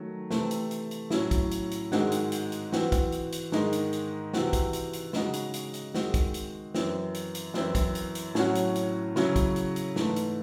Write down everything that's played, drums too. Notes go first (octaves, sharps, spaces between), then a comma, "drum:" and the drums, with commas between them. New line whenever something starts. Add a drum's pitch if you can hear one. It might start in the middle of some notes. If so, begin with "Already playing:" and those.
Already playing: D#3 F#3 A3
C3 E3 A3 C4, drum: snare
drum: hi-hat
drum: hi-hat
drum: hi-hat
A2 F#3 C#4 E4, drum: snare
drum: kick, hi-hat
drum: hi-hat
drum: hi-hat
G#2 D#3 G#3 C4 F#4, drum: snare
drum: hi-hat
drum: hi-hat
drum: hi-hat
E3 C4 F#4, drum: snare
drum: kick, hi-hat
drum: hi-hat
drum: hi-hat
G#2 D#3 G#3 D#4, drum: snare
drum: hi-hat
drum: hi-hat
C3 E3 C4 F#4, drum: snare
drum: kick, hi-hat
drum: hi-hat
drum: hi-hat
C#3 G#3 D#4 F#4, drum: snare
drum: hi-hat
drum: hi-hat
drum: hi-hat
D#3 G#3 C4 F#4, drum: snare
drum: kick, hi-hat
drum: hi-hat
F#2 E3 C4, drum: snare
drum: hi-hat
drum: hi-hat
F#2 E3 C4 E4, drum: snare
drum: kick, hi-hat
drum: hi-hat
drum: hi-hat
A2 F#3 C#4 F#4, drum: snare
drum: hi-hat
drum: hi-hat
C#3 F#3 C#4 E4, drum: snare
drum: kick, hi-hat
drum: hi-hat
drum: hi-hat
G#2 E3 A3, drum: snare
drum: hi-hat